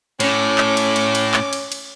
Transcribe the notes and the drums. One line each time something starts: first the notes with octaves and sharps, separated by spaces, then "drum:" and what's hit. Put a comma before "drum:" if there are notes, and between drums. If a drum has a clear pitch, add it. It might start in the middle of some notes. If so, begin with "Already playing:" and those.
A2 C#4 D6, drum: cymbal
drum: clap
drum: cymbal
drum: cymbal
drum: cymbal
drum: clap
drum: cymbal
drum: cymbal